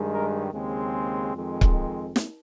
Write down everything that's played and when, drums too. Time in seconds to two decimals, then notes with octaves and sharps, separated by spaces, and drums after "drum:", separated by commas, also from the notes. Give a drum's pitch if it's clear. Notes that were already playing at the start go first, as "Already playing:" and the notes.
Already playing: G2 D#3 G#3
0.12 A#4
0.52 D#2 C#3 G#3 C4
1.35 F2 D#3 G#3 C4
1.61 drum: kick C#1
2.16 drum: snare